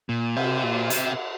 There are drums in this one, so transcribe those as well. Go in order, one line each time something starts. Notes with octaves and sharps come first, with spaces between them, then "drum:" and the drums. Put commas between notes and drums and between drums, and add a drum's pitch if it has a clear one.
A#2
C3, drum: cymbal
A#2
C3, drum: hi-hat